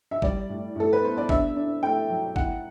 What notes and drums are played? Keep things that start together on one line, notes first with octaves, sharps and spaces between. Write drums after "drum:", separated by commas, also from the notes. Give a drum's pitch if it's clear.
E5
G3 D5, drum: kick
A2
A2 A4
B4
B3 C5
D5
D4 E5, drum: kick
D4
A3 G5
F#3
E4 F#5, drum: kick